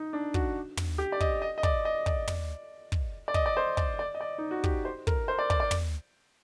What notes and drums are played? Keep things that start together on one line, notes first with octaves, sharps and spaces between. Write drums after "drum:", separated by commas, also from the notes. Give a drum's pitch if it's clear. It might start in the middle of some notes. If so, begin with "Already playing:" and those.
Already playing: D#4
D4
F#4, drum: kick
drum: tom
G4
D5
D#5, drum: kick
D#5
D#5
D5, drum: kick
D#5
D5, drum: kick
drum: tom
drum: kick
D5
D#5, drum: kick
D5
C5
D5, drum: kick
D5
D#5
D5
D#4
F#4
G4, drum: kick
C5
A#4, drum: kick
C5
D5
D5, drum: kick
D5
drum: tom